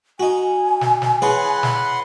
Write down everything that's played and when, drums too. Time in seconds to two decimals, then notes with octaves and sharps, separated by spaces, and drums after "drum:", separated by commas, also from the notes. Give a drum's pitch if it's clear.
0.20 D#4 F#4 G#5
0.81 drum: snare
1.02 drum: snare
1.22 E3 G#4 B4 C#5 F#5 C6
1.63 drum: snare